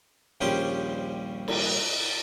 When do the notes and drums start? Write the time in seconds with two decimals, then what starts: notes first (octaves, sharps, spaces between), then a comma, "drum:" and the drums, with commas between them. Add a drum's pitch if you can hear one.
0.41 A#1 D#2 G3 C#4 C5 G5
1.48 drum: cymbal